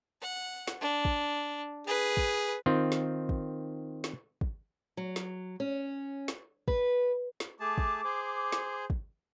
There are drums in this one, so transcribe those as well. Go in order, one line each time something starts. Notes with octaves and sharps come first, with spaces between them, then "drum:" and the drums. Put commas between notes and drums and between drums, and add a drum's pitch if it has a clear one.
F#5
drum: snare
D4
drum: kick
G#4 B4
drum: kick
D#3 C4 F4 G5
drum: snare
drum: kick
drum: snare
drum: kick
F#3
drum: snare
C#4
drum: snare
B4, drum: kick
drum: snare
A3 G#4 A5 D6
drum: kick
G#4 C5
drum: snare
drum: kick